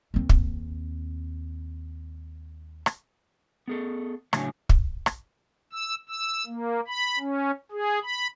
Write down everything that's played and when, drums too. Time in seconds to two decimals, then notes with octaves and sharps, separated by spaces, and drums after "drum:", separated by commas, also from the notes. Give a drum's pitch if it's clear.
0.14 D#2 C4
0.29 drum: kick
2.86 drum: rim click
3.68 B3 G#4 A4
4.33 A2 C#3 F#3 D4 C#5 G#5, drum: rim click
4.69 drum: kick
5.06 drum: rim click
5.73 E6
6.09 E6
6.47 A#3
6.88 B5
7.19 C#4
7.72 G#4
8.03 B5